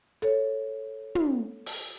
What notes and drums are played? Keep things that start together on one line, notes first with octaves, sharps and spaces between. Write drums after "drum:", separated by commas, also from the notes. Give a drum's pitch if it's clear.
A4 C#5, drum: hi-hat
drum: tom
drum: open hi-hat